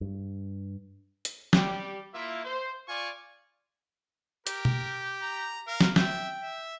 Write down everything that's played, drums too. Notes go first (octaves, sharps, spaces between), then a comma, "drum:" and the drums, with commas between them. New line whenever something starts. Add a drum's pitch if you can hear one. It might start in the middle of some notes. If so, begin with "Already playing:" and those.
G2
drum: hi-hat
G3 G4, drum: snare
A#3 E4 F4 E5
C5
F4 D5 F5 G#5 C#6
G4 A#4, drum: hi-hat
drum: tom B2
A#5
A#4 F5
drum: snare
E5 G5, drum: snare
E5